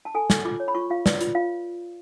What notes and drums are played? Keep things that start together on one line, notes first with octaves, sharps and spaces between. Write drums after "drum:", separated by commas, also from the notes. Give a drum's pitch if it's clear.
A5
A4 G#5
A4, drum: snare
F4 D6
C#5
B5
F4 C#6
F4 F5
B4 D5, drum: snare
F4, drum: hi-hat
F4 F5